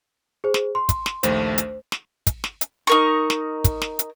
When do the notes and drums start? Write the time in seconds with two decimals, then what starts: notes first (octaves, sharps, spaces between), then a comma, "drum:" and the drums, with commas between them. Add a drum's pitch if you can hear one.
0.44 G#4 C5
0.54 drum: snare
0.75 C6
0.89 drum: kick, hi-hat
1.06 drum: snare
1.23 A#1 D#2 A3 C5, drum: hi-hat
1.58 drum: hi-hat
1.92 drum: snare
2.27 drum: kick, hi-hat
2.44 drum: snare
2.61 drum: hi-hat
2.87 D#4 A#4 C#6
3.30 drum: snare
3.64 drum: kick, hi-hat
3.82 drum: snare
3.99 drum: hi-hat